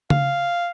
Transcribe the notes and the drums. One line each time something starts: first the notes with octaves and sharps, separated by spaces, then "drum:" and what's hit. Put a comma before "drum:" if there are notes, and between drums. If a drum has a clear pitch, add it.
F5, drum: tom C#3